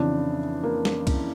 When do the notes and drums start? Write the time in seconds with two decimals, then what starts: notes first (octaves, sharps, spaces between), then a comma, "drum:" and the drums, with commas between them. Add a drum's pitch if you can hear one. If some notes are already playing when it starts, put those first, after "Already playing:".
Already playing: F2 C#3 E3 D4
0.63 A#3
0.85 drum: snare
1.07 drum: kick C2, cymbal